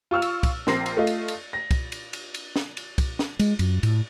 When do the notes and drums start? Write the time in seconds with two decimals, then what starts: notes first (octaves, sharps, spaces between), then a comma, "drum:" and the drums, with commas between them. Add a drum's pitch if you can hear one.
0.11 F4 C#6 E6 F6
0.22 drum: cymbal
0.43 drum: kick, cymbal
0.67 A#1 C4 A#4 C6 A#6 C7, drum: snare
0.86 drum: cymbal
0.97 A3 F4 D#5
1.07 drum: cymbal
1.28 drum: cymbal
1.53 A#6
1.71 drum: kick, cymbal
1.92 drum: cymbal
2.13 drum: cymbal
2.34 drum: cymbal
2.56 drum: snare
2.77 drum: cymbal
2.98 drum: kick, cymbal
3.19 drum: snare
3.39 G#3, drum: cymbal
3.59 F#2, drum: cymbal
3.83 A2, drum: cymbal